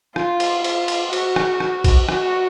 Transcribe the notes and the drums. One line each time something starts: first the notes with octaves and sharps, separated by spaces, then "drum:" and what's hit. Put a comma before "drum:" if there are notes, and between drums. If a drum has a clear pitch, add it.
F4, drum: rim click
drum: cymbal
F4, drum: cymbal
drum: cymbal
F#4, drum: cymbal
drum: rim click
drum: rim click
drum: kick, cymbal
F#4, drum: rim click